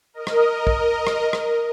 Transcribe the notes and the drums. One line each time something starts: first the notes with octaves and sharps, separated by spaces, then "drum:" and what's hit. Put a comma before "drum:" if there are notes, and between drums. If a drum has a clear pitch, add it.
A#4 D#5
drum: rim click
drum: kick
drum: rim click
drum: rim click